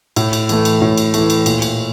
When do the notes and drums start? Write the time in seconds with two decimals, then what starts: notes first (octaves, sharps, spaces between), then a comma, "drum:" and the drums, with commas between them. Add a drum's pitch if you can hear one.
0.16 A2, drum: cymbal
0.33 drum: cymbal
0.49 E3 A3, drum: cymbal
0.65 drum: cymbal
0.81 A2
0.98 drum: cymbal
1.14 E3 A3, drum: cymbal
1.30 drum: cymbal
1.46 A#2, drum: cymbal
1.62 drum: cymbal